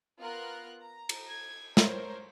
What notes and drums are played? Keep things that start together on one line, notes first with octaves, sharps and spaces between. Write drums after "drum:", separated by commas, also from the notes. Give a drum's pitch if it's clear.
B3 F4 A#4 F6 F#6
A#5
drum: cymbal
G#6
A#4 C5 C#5, drum: snare